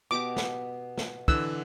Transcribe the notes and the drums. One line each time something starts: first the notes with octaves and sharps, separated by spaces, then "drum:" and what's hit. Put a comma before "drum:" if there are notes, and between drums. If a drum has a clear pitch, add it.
B2 G4 D#5 D6
drum: snare
drum: snare
D3 E3 E6 F#6, drum: kick